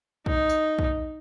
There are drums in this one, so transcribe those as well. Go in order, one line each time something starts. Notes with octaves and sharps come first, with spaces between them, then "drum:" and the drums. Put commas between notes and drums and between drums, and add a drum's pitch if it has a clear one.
D#4, drum: kick
drum: tambourine
drum: kick